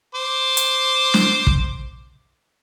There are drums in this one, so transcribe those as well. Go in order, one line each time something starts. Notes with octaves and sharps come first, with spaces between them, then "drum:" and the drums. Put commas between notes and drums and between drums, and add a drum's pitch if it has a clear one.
C5 D6
drum: hi-hat
drum: snare
drum: kick